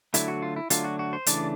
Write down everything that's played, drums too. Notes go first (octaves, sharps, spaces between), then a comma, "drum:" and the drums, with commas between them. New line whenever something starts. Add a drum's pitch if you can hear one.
D3 F#3 A3 D4 E4, drum: hi-hat
F#4
F4
E4
D3 F#3 A3 D4 F4, drum: hi-hat
F#4
F#4
C5
C#3 E3 A3 D4 D5, drum: hi-hat